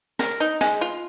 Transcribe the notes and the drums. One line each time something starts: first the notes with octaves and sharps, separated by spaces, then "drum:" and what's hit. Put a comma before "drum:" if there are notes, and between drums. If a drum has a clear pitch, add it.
A#4, drum: snare
D#4
G#3, drum: snare
F4